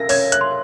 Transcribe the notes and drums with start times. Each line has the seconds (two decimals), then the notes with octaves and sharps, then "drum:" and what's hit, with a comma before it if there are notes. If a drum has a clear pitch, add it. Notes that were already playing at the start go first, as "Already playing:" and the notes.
Already playing: A#4 A#6
0.09 C#5 G#6, drum: open hi-hat
0.32 F#6, drum: hi-hat
0.41 C6